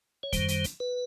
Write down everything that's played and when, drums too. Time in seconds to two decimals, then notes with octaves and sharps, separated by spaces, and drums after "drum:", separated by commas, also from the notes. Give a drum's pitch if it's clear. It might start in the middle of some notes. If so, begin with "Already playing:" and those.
0.23 C#5
0.33 F#2 D#3 G3 C5, drum: kick, hi-hat
0.48 drum: hi-hat
0.64 drum: hi-hat
0.80 B4